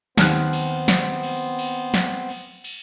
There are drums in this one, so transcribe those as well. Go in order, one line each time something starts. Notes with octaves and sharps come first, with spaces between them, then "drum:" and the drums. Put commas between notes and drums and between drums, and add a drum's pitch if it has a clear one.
D#2 B3 C4 C5 F6 F#6, drum: snare
drum: cymbal
drum: snare
drum: cymbal
drum: cymbal
drum: snare
drum: cymbal
drum: cymbal